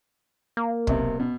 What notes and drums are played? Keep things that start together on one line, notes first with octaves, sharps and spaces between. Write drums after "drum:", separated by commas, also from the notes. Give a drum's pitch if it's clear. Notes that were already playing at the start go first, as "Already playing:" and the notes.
A#3
B1 C3, drum: kick
B2